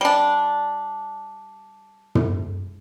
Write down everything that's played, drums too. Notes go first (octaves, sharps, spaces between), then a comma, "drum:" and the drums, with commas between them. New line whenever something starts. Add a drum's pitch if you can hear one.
G3 D4
drum: tom